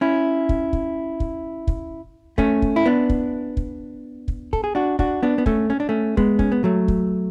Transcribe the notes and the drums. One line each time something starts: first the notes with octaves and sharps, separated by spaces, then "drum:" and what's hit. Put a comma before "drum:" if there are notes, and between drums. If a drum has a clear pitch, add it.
C#4 E4
drum: kick
drum: kick
drum: kick
drum: kick
A3 C#4, drum: kick
drum: kick
E4
B3 D4
drum: kick
drum: kick
drum: kick
A4, drum: kick
G#4
D4 F#4
D4 F#4, drum: kick
B3 D4
B3
A3 C#4, drum: kick
C#4
D4
A3 C#4
G#3 B3, drum: kick
C#4, drum: kick
B3
F#3 A3
drum: kick